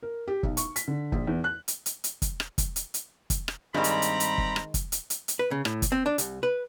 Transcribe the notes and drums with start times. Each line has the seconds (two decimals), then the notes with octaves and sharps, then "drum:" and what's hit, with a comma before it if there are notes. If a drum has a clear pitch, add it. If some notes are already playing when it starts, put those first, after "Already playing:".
0.03 A#4
0.28 G4
0.43 B1, drum: kick
0.57 C#6, drum: hi-hat
0.76 B6, drum: hi-hat
0.88 D3
1.12 A#1, drum: kick
1.27 E2
1.44 F#6
1.68 drum: hi-hat
1.86 drum: hi-hat
2.04 drum: hi-hat
2.22 drum: kick, hi-hat
2.40 drum: rim click
2.58 drum: kick, hi-hat
2.76 drum: hi-hat
2.94 drum: hi-hat
3.30 drum: kick, hi-hat
3.48 drum: rim click
3.74 G2 D#3 G3 G#3 C4 A#5 B5
3.84 drum: hi-hat
4.02 drum: hi-hat
4.20 drum: hi-hat
4.38 drum: kick
4.56 drum: rim click
4.74 drum: kick, hi-hat
4.92 drum: hi-hat
5.10 drum: hi-hat
5.28 drum: hi-hat
5.39 B4
5.51 C#3
5.65 A2, drum: rim click
5.82 drum: kick, hi-hat
5.92 C4
6.06 D4
6.18 C2, drum: hi-hat
6.43 B4